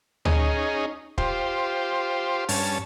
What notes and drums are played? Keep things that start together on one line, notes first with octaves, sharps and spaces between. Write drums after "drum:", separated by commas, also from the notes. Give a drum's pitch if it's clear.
C#4 D#4 G#4, drum: tom
F4 G4 C5, drum: kick
G2 C#4 A5, drum: open hi-hat